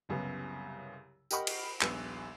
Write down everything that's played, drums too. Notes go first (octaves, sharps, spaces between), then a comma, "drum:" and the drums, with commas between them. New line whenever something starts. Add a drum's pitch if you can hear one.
C2 F#2 C#3 B3
G4 A#4 D#5 F#5 B5 C#6, drum: tambourine
drum: cymbal
D#1 A#1 B3 B4 E6, drum: clap